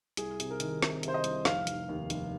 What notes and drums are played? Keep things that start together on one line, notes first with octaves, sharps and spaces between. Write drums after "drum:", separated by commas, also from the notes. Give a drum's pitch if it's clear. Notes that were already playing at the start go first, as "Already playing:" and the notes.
C2 G#4, drum: hi-hat
C3, drum: hi-hat
A#4
D#3, drum: hi-hat
C3, drum: snare
C3 C5, drum: hi-hat
D#5
C2, drum: hi-hat
F1 F5, drum: snare
F1, drum: hi-hat
D#2
F1, drum: hi-hat